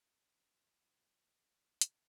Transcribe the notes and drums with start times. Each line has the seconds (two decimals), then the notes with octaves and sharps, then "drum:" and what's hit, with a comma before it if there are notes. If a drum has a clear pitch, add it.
0.18 E3 F3 G3 B3 F4 C5
0.63 A3 G4 B5
1.81 drum: hi-hat